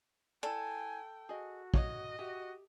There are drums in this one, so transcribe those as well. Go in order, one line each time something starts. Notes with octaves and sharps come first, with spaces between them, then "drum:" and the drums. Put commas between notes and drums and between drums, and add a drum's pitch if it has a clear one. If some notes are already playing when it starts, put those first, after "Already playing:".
E4 A4 D5 G5 G#5
F#4 G#4 D#5
C#5 D#5 F5, drum: kick
F#4 G4 E5